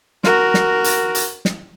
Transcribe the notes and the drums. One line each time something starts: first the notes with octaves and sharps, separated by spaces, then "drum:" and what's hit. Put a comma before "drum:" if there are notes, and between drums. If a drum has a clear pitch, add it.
F#4 A#4, drum: snare
drum: snare
drum: hi-hat
drum: hi-hat
drum: snare